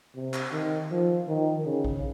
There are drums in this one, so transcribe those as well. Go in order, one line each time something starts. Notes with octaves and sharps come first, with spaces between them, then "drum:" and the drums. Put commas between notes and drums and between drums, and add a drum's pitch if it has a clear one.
C3
drum: clap
D#3
F3
D#3
C#3
drum: kick A#1